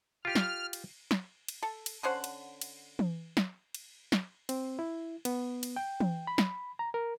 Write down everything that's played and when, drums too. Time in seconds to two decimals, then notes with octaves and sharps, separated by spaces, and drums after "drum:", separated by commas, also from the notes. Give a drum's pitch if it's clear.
0.25 F4 G4 F6
0.35 drum: snare
0.73 drum: cymbal
1.11 drum: snare
1.48 drum: cymbal
1.63 A4
1.86 drum: cymbal
2.03 D3 C#4 C5 F#5
2.24 drum: cymbal
2.61 drum: cymbal
2.99 drum: tom E3
3.37 drum: snare
3.74 drum: cymbal
4.12 drum: snare
4.49 C4, drum: cymbal
4.79 E4
5.25 B3, drum: cymbal
5.63 drum: cymbal
5.76 G5
6.00 drum: tom E3
6.27 B5
6.38 drum: snare
6.79 A#5
6.94 A#4